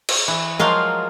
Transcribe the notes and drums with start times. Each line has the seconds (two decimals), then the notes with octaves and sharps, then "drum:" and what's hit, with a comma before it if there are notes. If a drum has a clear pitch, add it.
0.09 drum: cymbal
0.28 E3
0.59 F3 F#3 G#3 A#4 F5 C6